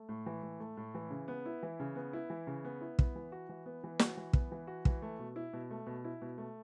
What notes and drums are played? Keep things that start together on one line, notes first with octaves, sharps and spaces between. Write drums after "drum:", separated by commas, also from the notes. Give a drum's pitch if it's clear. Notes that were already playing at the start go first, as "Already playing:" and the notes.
Already playing: A3
A2
E3
A2
A3
A2
E3
C#3
B3
E4
E3
C#3
B3
E4
E3
C#3
B3
E4
B3, drum: kick
E3
F#4
E3
B3
E3
F#4, drum: snare
E3
B3, drum: kick
E3
F#4
E3, drum: kick
A3
B2
E4
B2
A3
B2
E4
B2
A3